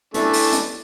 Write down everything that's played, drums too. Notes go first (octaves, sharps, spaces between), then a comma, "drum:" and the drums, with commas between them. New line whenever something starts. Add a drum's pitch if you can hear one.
E3 A3 D4, drum: hi-hat
drum: open hi-hat
drum: hi-hat